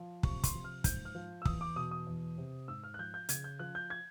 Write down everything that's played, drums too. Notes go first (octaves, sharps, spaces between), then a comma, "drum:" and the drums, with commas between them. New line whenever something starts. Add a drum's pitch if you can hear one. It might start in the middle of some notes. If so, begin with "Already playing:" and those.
Already playing: F3
C3 C#6, drum: kick
C6, drum: kick, hi-hat
F3
F6
G#2 G6, drum: kick, hi-hat
F6
F3
E6
E2 D#6, drum: kick
D6
B2 D#6
D#6
E2
C3
G#2 E6
F6
F#6
F3 G6
G6
C#3 G#6, drum: hi-hat
G6
F3 F#6
G6
G#6